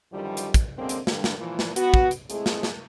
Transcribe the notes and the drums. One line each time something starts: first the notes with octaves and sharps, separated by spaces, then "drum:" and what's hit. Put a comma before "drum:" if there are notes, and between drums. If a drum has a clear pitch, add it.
F#2 D3 D#3 F3 G3
drum: hi-hat
drum: kick, hi-hat
F#2 D3 G#3 A#3 C4
drum: hi-hat
G2 D3 G3, drum: snare
drum: snare
A#2 E3 F3
drum: snare
B3 F#4, drum: hi-hat
drum: kick
drum: hi-hat
G#3 A3 C4 E4 G#4, drum: hi-hat
drum: snare
drum: snare